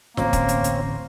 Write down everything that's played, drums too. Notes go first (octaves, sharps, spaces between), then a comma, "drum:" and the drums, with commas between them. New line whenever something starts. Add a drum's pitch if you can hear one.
D1 A1 A#3 C4 C#4, drum: snare
drum: kick, hi-hat
drum: hi-hat
drum: hi-hat